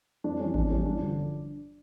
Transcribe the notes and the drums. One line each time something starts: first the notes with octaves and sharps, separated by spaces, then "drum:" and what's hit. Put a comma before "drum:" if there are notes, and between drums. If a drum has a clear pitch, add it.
F2 D4
E3 G3 C#4
E2 D4, drum: kick G#1
E3 G3 C#4
G2 D4
D3 F3